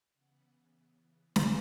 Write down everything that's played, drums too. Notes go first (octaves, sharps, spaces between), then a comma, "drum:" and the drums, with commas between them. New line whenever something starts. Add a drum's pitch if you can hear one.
C#3 E3 B3 F#5
drum: snare